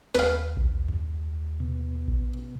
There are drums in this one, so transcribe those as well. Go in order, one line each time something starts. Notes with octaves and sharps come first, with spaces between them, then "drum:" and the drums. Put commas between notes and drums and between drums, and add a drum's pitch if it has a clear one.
D#2 B4 F5, drum: snare
drum: kick A#1
drum: tom F2
B2
drum: kick A#1